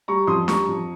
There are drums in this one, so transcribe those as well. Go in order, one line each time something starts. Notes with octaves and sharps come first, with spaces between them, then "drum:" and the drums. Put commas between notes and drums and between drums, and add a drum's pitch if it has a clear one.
G3 A#5 C#6
F2 C6 D#6
G3 A#5 C#6, drum: snare D4
F2